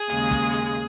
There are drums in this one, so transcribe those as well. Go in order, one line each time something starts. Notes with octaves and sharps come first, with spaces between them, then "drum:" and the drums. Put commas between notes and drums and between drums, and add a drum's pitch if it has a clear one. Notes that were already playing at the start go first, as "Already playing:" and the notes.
Already playing: G#4
D#2 C#3 G#3, drum: hi-hat
drum: kick, hi-hat
drum: hi-hat